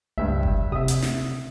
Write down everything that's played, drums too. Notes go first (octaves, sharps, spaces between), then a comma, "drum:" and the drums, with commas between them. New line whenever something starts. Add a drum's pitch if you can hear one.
C#2 G2 E5
drum: kick F#1
C3 E5 D#6
drum: hi-hat
drum: snare